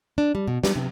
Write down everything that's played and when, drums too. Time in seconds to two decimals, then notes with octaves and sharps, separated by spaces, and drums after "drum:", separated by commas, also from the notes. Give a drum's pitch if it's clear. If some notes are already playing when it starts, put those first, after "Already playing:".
0.18 D4
0.35 G3
0.48 B2
0.64 G3, drum: snare
0.76 C3